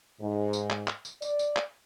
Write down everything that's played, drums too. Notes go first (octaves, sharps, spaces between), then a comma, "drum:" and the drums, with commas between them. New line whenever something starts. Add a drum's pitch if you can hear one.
G#2
drum: tambourine
drum: clap
drum: clap
drum: tambourine
D5, drum: tambourine
drum: tambourine
drum: clap